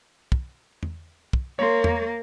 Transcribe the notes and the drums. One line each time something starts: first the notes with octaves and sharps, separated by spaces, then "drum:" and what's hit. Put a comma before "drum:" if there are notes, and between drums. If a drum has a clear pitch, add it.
drum: kick
drum: tom E2
drum: kick
A#3 C#5 C6
drum: tom E2